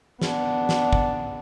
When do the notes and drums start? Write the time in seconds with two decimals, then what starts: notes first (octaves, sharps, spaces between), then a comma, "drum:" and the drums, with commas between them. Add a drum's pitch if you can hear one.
0.21 B3 D4, drum: snare
0.69 drum: snare
0.93 drum: kick